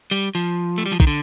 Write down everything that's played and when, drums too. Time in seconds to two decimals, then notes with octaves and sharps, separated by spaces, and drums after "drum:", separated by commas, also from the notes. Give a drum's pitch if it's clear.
0.11 G3
0.35 F3
0.78 A3
0.86 G3
0.92 F3
1.00 D#3, drum: kick
1.07 D3